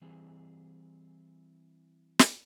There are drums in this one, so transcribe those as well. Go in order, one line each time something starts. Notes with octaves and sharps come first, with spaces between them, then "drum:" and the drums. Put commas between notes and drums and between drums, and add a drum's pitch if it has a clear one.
E3 G3 C4 G#4
drum: snare